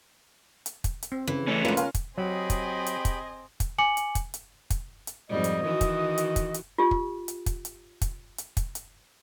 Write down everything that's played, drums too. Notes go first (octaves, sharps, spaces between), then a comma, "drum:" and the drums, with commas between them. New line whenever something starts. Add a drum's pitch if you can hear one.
drum: hi-hat
drum: kick, hi-hat
drum: hi-hat
C4
C#3 E3
A3 C#4
D2 G#3 F4 A#4 B4
C#4 A#4 F5 C6, drum: hi-hat
drum: kick, hi-hat
F#3 C4 G4 G#4 D#5 B5
drum: kick, hi-hat
drum: hi-hat
drum: kick, hi-hat
drum: kick, hi-hat
G#5 D6 C#7 F#7
drum: hi-hat
drum: kick, hi-hat
drum: hi-hat
drum: kick, hi-hat
drum: hi-hat
F2 G#2 G3 D#5
drum: hi-hat
D#3 E3 F#4
drum: kick, hi-hat
drum: hi-hat
drum: kick, hi-hat
drum: hi-hat
F4 G4
drum: kick
drum: hi-hat
drum: kick, hi-hat
drum: hi-hat
drum: kick, hi-hat
drum: hi-hat
drum: kick, hi-hat
drum: hi-hat